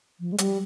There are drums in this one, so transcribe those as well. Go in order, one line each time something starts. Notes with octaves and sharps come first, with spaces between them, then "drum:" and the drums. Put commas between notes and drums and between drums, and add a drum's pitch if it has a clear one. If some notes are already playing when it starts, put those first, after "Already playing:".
F3
G#3
G3, drum: hi-hat